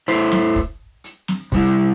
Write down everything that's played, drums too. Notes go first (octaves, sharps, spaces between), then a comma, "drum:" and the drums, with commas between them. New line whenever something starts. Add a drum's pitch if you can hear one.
A3 E4 C5, drum: hi-hat
drum: snare
drum: kick, hi-hat
drum: hi-hat
drum: snare
C3 G3 E4, drum: kick, hi-hat